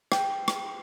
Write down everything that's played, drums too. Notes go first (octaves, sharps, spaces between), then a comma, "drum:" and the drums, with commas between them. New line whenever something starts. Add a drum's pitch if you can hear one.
G5, drum: rim click
drum: rim click